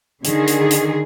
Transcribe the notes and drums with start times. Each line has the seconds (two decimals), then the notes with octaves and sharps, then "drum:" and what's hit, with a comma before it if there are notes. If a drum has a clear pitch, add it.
0.25 D3 D#3 G#4, drum: hi-hat
0.48 drum: hi-hat
0.71 drum: hi-hat